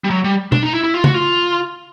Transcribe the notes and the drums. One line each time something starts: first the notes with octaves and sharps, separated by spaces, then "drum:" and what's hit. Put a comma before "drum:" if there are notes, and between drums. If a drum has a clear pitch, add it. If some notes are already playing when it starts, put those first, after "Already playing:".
G3
F#3
G3
D4, drum: tom B2
D#4
E4
E4
F4
F#4, drum: tom C#3
F4